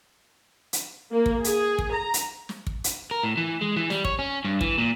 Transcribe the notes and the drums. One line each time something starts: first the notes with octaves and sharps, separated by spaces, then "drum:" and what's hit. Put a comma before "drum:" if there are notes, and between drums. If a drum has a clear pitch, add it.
drum: hi-hat
A#3
drum: kick
G#4, drum: hi-hat
drum: kick
A#5
drum: hi-hat
drum: snare
drum: kick
drum: hi-hat
A#4
A2
E3
G#3
E3
G3, drum: snare
C#5, drum: kick
C#4
G2
E3, drum: kick
A#2